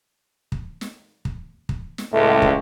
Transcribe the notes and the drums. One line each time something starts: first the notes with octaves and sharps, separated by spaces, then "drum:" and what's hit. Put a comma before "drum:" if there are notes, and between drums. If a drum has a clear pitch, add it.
drum: kick
drum: snare
drum: kick
drum: kick
drum: snare
C#2 A2 A3
drum: kick